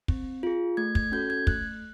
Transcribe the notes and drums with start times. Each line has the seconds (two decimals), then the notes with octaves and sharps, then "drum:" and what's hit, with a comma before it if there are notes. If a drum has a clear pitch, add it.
0.08 C4, drum: kick
0.43 F4 G#4
0.77 A3 G#6
0.95 G#6, drum: kick
1.12 C#4 F#4 A4 G6
1.30 G#6
1.47 A3 F#6, drum: kick